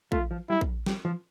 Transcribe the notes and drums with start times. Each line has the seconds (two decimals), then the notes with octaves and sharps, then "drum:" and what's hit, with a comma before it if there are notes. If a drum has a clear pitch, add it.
0.12 A3 F4, drum: kick A#1
0.31 F3
0.49 G3 E4
0.61 drum: kick A#1
0.86 G3, drum: snare
1.05 F3